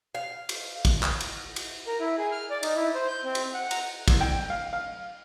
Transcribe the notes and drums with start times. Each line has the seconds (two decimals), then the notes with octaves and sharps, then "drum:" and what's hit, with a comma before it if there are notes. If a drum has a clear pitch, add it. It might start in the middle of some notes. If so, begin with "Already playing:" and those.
0.15 F5
0.49 drum: cymbal
0.85 drum: kick, cymbal
1.03 drum: clap
1.20 drum: cymbal
1.56 drum: cymbal
1.87 A#4
2.00 E4
2.18 G#4
2.32 F6
2.50 D5
2.63 D#4, drum: cymbal
2.76 E4
2.95 C5
3.08 G6
3.24 C4
3.35 drum: cymbal
3.54 F#5
3.71 A#5, drum: cymbal
4.08 C2, drum: kick, cymbal
4.21 G5
4.50 F5
4.73 F5